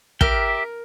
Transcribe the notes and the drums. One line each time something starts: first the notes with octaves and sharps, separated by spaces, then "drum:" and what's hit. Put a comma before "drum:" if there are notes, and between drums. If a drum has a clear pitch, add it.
G4 A#4 E5 G5, drum: kick